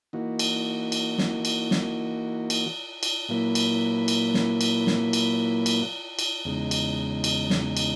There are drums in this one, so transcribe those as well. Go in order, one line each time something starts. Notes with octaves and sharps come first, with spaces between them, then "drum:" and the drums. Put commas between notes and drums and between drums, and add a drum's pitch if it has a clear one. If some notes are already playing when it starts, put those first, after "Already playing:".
E3 A#3 D#4 F#4
drum: cymbal
drum: cymbal
drum: snare
drum: cymbal
drum: snare
drum: cymbal
drum: cymbal
A#2 F#3 A#3 E4 B4
drum: cymbal
drum: cymbal
drum: snare
drum: cymbal
drum: snare
drum: cymbal
drum: cymbal
drum: cymbal
E2 C#3 G#3 D#4
drum: cymbal
drum: cymbal
drum: snare
drum: cymbal